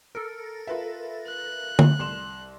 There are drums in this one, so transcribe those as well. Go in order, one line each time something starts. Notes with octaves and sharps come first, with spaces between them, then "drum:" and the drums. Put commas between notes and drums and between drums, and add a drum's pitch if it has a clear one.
A4 A#4
F4 B4 E5
F#6
drum: tom D3
C2 C6 E7